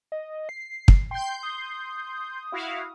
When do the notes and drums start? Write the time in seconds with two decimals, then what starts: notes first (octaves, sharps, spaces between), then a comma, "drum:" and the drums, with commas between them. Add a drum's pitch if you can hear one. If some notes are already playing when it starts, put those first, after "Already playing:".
0.12 D#5
0.49 C7
0.88 drum: kick
1.11 G5 C6 G6
1.43 D#6
2.52 E4 F#4 F5